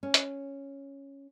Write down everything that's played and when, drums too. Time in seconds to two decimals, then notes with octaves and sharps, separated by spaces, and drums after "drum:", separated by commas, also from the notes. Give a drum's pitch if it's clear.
0.03 C#4
0.14 drum: hi-hat